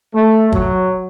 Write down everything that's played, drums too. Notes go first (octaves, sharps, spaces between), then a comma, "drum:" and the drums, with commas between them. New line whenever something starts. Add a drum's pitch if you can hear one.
A3
F#3, drum: kick